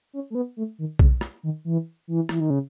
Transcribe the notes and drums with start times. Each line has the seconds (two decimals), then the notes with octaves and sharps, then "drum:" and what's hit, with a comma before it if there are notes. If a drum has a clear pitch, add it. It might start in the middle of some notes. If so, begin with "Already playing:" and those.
0.13 C#4
0.30 A3
0.35 B3
0.57 A3
0.79 D#3
0.99 C#3, drum: kick B1
1.21 drum: rim click
1.43 D#3
1.65 E3
2.08 E3
2.29 E3, drum: rim click
2.40 D#3
2.50 C#3